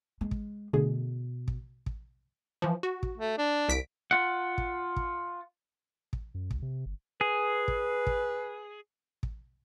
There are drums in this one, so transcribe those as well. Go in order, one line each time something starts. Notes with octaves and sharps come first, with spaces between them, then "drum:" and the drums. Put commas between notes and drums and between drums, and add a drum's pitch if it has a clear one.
G#3
drum: kick
B2 D3 A3 G#4
drum: kick
drum: kick
E3 F3
F#4
drum: kick
A3
D4
C2 B6 D7
F4 F#5
drum: kick
drum: kick
drum: kick
F#2
C#2, drum: kick
C3
G1
G#4 B4
drum: kick
drum: kick
drum: kick